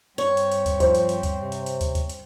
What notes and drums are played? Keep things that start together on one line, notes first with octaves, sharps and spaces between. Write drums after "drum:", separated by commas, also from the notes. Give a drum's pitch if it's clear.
G2 C4 C#5
drum: hi-hat
drum: hi-hat
drum: kick, hi-hat
F3 C5, drum: kick, hi-hat
drum: hi-hat
drum: hi-hat
drum: kick, hi-hat
C3
drum: hi-hat
drum: hi-hat
drum: kick, hi-hat
drum: kick, hi-hat
drum: hi-hat